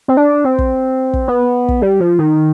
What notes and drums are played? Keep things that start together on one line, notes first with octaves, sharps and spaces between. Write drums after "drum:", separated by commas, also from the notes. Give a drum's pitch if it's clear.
C4
D4
C4
drum: kick
drum: kick
B3
drum: kick
G3
F3
D#3